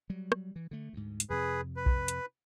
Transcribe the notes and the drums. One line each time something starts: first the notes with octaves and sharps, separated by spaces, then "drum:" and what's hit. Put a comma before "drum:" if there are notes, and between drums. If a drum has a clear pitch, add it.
F#3 G3
drum: rim click
E3
D3 A3
D2 G#2
drum: hi-hat
F2 C3 G#4 B4
B4
drum: kick B1
drum: hi-hat